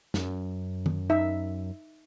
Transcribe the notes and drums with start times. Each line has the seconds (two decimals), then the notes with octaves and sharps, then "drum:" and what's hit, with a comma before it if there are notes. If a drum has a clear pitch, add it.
0.14 F#2, drum: snare
0.86 drum: tom D#3
1.10 D#4 E5